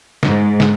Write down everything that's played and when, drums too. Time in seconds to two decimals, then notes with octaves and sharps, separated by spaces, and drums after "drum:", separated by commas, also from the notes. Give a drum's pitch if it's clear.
0.23 G#2, drum: snare
0.60 drum: snare